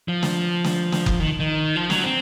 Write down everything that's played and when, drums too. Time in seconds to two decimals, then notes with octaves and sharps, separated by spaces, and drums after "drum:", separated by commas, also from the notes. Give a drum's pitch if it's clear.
0.08 F3
0.23 drum: snare
0.64 drum: snare
0.92 drum: snare
1.06 drum: kick F#1
1.20 D#3
1.40 D#3
1.76 F3
1.90 F#3, drum: snare
2.04 C4